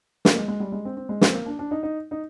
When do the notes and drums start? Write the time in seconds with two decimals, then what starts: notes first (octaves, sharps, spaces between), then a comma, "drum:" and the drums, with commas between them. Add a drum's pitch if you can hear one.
0.25 A#3, drum: snare
0.35 G#3
0.48 G#3
0.60 G3
0.72 G#3
0.85 C4
0.97 C4
1.09 G#3
1.21 A#3, drum: snare
1.27 C4
1.34 A#3
1.46 D4
1.59 D4
1.71 D#4
1.83 D#4
2.11 D#4